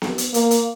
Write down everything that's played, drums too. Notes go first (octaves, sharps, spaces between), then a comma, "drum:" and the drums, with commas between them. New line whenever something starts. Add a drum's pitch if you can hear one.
drum: snare B3
drum: hi-hat
A#3, drum: hi-hat
drum: hi-hat